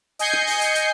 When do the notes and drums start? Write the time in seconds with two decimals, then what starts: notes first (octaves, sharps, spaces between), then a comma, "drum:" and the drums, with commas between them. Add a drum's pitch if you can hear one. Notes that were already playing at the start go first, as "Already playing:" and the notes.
0.19 D#5 G#5 G6 C7 C#7, drum: hi-hat
0.33 drum: rim click
0.47 drum: open hi-hat
0.61 drum: hi-hat
0.75 drum: hi-hat